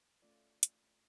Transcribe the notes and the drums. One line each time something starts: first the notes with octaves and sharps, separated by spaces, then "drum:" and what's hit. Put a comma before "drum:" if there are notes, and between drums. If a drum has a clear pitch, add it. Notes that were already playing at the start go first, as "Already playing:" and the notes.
A3 C#4 F4 D5
drum: hi-hat